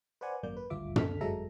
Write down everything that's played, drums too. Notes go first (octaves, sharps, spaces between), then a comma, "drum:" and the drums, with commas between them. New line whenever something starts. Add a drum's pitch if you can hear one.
B4 C5 D5 F#5 G#5
G#1 F#2 A#3 D5 G6
B4
G#1 D2 G2 F4 E5 D6
C#2 D3 A4 F6 B6, drum: tom
G1 F#3 G#3 A4 E5 A#5